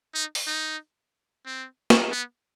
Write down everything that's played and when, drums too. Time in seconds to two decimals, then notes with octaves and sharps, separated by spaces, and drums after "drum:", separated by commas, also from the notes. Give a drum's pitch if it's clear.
0.14 D#4
0.35 drum: open hi-hat
0.47 D#4
1.46 C4
1.90 drum: snare
2.12 B3